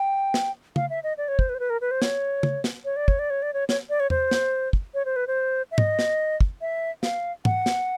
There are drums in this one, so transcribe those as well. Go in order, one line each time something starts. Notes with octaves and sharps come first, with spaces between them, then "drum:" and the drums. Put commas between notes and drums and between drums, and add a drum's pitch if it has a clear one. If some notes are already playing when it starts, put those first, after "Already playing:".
Already playing: G5
drum: snare
F5, drum: tom
E5
D#5
D5
C#5
C5, drum: kick
B4
C5
B4
A#4
B4
C5
C#5, drum: snare
drum: tom
drum: snare
C#5
D5
C#5, drum: kick
D5
C#5
D5
C#5
C#5, drum: snare
D5
C#5
C5, drum: tom E2
drum: snare
drum: kick
C#5
C5
B4
C5
E5
D#5, drum: tom G#2
drum: snare
drum: kick
E5
F5, drum: snare
F#5, drum: tom G#2
drum: snare